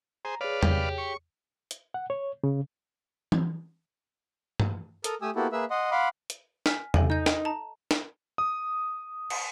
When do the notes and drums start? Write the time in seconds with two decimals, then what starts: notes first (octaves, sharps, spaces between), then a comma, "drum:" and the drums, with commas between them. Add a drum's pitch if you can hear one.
0.25 G#4 C5 A#5
0.41 G#4 B4 C#5 D5 F5
0.63 G4, drum: tom E2
0.98 C#6
1.71 drum: hi-hat
1.94 F#5
2.10 C#5
2.44 C#3
3.32 drum: tom E3
4.60 drum: tom
5.04 A4 A#4 A#5 D#6, drum: hi-hat
5.22 A3 G4 G#5 D#6 E6
5.36 A#3 B3 E4 F#4 G4 A4
5.52 A#3 G#4 B4 E5 E6
5.70 D#5 F#5 C6 D#6
5.91 F5 F#5 B5 C6 D6
6.30 drum: hi-hat
6.66 G#5 F6 B6, drum: snare
6.94 C3 A4 G#5, drum: tom E2
7.10 D#4 D#5 G6
7.26 drum: snare
7.45 A5 A#5
7.91 drum: snare
8.38 D#6
9.30 drum: cymbal